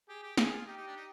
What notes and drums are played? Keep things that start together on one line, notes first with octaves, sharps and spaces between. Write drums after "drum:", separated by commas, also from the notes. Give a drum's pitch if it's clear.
G4 G#4
G4
G4 G#4, drum: snare
F4
D#4 G4
D#4
D4
D#4